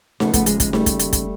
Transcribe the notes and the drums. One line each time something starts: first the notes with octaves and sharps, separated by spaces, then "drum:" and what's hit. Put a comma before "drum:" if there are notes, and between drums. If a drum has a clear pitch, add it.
D#2 C#3 F3 A3 B3, drum: snare D#4
A3 B3, drum: kick, hi-hat
G#3, drum: hi-hat
G#3, drum: kick, hi-hat
G3 A3, drum: snare D#4
drum: kick, hi-hat
drum: hi-hat
drum: kick, hi-hat